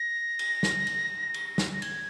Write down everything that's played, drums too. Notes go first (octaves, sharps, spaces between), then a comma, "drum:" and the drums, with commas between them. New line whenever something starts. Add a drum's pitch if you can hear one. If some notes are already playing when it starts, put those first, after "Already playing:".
Already playing: A#6
drum: cymbal
drum: snare
drum: cymbal
drum: cymbal
drum: snare
A#6
G#6, drum: cymbal